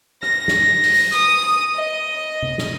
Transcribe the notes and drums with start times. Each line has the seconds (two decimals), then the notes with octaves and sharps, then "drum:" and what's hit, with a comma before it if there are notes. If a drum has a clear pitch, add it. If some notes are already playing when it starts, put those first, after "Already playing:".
0.23 A#6, drum: rim click
0.48 drum: snare
0.83 drum: open hi-hat
1.12 D#6, drum: hi-hat
1.75 D#5
2.43 drum: tom C3
2.58 drum: snare